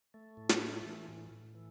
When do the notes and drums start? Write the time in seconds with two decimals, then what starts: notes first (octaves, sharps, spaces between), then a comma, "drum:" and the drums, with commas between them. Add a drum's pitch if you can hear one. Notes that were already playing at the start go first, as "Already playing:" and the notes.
0.14 A3
0.37 A2
0.49 drum: snare
0.62 A3
0.85 E3
1.08 A2
1.31 A2
1.55 E3